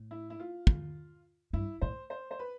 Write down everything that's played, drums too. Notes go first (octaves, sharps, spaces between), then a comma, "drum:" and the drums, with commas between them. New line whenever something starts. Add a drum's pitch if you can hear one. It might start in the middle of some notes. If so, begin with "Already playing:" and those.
Already playing: A2
E4
E4
F4
drum: kick
G2 E4
A2 C5
C5
C5
B4